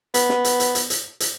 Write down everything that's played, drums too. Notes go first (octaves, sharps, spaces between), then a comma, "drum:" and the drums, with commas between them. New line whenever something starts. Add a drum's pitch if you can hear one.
B3, drum: hi-hat
drum: snare
drum: hi-hat
drum: hi-hat
drum: hi-hat
drum: hi-hat
drum: hi-hat